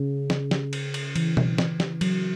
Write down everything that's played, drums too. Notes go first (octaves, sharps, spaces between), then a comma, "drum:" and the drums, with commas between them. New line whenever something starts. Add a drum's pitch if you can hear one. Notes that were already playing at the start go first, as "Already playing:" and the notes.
Already playing: C#3
drum: snare
drum: snare
drum: cymbal
drum: cymbal
E3, drum: cymbal
drum: tom B2
drum: snare
drum: snare
F#3, drum: cymbal